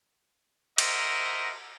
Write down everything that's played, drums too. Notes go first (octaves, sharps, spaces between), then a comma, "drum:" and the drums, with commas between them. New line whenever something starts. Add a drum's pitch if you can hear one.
F#4 A#4 C5 D#5 E5, drum: cymbal